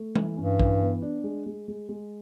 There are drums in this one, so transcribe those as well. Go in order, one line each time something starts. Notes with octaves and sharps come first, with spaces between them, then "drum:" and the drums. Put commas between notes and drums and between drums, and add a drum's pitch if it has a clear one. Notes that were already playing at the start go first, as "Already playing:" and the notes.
Already playing: A3
E3, drum: tom
G2 C#4
E3, drum: kick
B3
D4
G#3
G#3
G#3
G#3